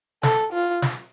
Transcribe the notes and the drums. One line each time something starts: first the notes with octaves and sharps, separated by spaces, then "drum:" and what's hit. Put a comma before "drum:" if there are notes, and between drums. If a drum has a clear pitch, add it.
A4, drum: snare
F4
drum: snare